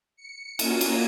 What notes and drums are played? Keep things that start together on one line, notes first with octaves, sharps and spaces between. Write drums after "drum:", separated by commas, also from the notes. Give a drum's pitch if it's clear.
C#7
A#3 C#4 F4 F#4 G#5, drum: cymbal
drum: cymbal